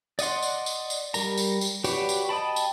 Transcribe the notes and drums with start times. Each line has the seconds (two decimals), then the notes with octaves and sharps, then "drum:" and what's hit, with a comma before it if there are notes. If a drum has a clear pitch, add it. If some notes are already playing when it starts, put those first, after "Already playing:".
0.19 D5 D#5 F#5 C6, drum: tambourine
0.42 drum: tambourine
0.66 drum: tambourine
0.90 drum: tambourine
1.14 G3 A#4 A#5, drum: tambourine
1.38 drum: tambourine
1.61 drum: tambourine
1.84 F#4 G4 B4 C#5 D5, drum: tambourine
2.09 drum: tambourine
2.29 D#5 G5 A5 B5
2.56 drum: tambourine